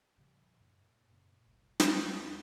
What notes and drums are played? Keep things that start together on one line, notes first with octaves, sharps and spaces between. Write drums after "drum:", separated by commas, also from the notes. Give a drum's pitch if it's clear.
A#2 C#3 F3 G3
F#2 A#2 A#3
A#2 C#3
F#1 C2 A#2
drum: snare
F#1 F3 C4
D#2